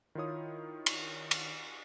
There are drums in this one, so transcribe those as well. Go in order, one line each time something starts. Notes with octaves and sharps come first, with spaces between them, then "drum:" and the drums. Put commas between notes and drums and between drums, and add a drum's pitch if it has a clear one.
D#3 E4 F4 C#5 D#6
drum: cymbal
drum: cymbal